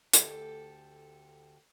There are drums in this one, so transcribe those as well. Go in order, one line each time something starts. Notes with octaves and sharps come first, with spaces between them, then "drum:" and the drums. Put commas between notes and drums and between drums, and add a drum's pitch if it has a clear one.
D2 G4 A4, drum: hi-hat